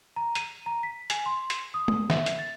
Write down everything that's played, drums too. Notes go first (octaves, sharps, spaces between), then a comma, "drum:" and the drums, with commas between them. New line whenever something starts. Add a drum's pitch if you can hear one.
A#5
D#7, drum: hi-hat
A#5
B6
G#5, drum: hi-hat
C6
drum: hi-hat
D#6
drum: tom
E5, drum: snare
drum: hi-hat
A6